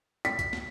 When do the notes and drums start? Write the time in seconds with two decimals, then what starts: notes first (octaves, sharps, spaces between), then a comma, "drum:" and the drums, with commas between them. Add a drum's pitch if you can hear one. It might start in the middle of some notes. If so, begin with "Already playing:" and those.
0.25 B6, drum: hi-hat
0.39 drum: kick, hi-hat
0.53 drum: snare